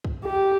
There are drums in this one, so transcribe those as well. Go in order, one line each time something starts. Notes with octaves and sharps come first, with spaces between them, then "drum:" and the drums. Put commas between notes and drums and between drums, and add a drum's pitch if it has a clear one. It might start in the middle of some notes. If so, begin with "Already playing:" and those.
drum: kick
G4